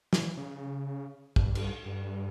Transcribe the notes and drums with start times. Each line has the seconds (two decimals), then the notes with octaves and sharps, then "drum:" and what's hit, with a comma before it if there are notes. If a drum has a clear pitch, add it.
0.13 E3, drum: snare
0.37 C#3
1.36 G2, drum: kick
1.55 drum: cymbal
1.85 G2